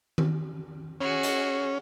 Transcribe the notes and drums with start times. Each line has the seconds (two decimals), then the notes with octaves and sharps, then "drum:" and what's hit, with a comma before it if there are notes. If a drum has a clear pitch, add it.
0.18 drum: tom D#3
1.01 C#4 F#4 G#4
1.23 drum: hi-hat